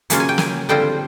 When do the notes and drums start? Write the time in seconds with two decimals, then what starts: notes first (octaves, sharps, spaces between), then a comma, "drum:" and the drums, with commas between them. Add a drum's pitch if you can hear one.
0.10 C#3 F#3 A#3 C#4 F4, drum: hi-hat
0.20 G#5
0.29 G5
0.38 G#5, drum: snare
0.69 D3 G3 C4 F4 G5